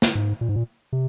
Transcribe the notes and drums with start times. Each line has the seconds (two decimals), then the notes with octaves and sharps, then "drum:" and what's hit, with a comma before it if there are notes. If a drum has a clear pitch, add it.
0.02 drum: snare
0.15 G#2
0.41 A#2
0.49 G#2
0.56 A#2
0.93 C3